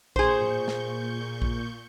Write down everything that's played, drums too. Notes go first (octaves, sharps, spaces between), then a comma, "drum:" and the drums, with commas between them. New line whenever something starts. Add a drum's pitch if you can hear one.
A#2 G#4 C5 C#6 G6, drum: kick A#1
drum: tom A2
drum: snare
drum: kick A#1